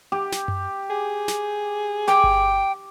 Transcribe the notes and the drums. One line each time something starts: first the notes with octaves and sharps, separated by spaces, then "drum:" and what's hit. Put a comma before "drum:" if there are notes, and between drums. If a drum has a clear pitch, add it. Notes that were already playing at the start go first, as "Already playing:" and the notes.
G4
drum: snare
drum: tom F#2
G#4
drum: snare
G5 D6
drum: kick G1